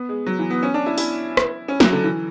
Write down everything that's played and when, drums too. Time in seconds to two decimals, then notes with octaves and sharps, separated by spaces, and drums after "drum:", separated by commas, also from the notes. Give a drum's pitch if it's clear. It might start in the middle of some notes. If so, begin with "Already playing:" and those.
Already playing: B3
0.09 G#3
0.26 F#3
0.39 E3
0.50 B3
0.63 C#4
0.74 D4
0.86 E4
0.98 E4, drum: open hi-hat
1.37 drum: rim click
1.68 C#4
1.80 F#3, drum: snare
1.92 D3
2.04 E3